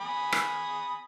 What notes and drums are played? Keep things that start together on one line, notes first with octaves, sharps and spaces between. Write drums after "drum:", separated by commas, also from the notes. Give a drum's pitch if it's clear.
G#5 B5 D#6
drum: rim click